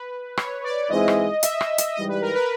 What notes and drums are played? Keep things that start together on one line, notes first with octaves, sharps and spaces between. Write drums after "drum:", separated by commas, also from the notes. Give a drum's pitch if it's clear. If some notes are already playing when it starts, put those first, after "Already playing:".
Already playing: B4
C#5, drum: rim click
D5
G#2 E3 G#3 C4 E4 D#5
drum: rim click
E5, drum: hi-hat
drum: rim click
drum: hi-hat
G#2 E3 G3 D#5
B4
A#4
B4